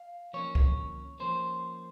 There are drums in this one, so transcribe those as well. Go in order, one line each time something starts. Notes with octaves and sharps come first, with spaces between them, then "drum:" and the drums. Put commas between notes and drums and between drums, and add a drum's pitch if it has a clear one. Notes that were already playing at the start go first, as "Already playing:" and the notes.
Already playing: F5
F3 A#3 C#4 C#5
drum: kick C#2
F3 A#3 C#4 C5